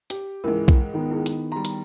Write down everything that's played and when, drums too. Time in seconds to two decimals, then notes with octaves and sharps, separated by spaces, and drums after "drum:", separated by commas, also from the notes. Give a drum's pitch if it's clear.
0.10 G4, drum: hi-hat
0.44 C#2 G#2 E3 A#4 D#5
0.68 drum: kick B1
0.94 D#3 B3
1.11 E4 G#4
1.26 drum: hi-hat
1.52 G3 F#4 A#5
1.65 drum: hi-hat